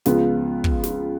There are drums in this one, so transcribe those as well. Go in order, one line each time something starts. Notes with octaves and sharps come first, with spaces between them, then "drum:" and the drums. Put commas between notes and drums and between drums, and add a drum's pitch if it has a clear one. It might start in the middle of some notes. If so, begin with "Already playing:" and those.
C#2 C#3 F3 B3 F4, drum: snare
drum: kick
drum: snare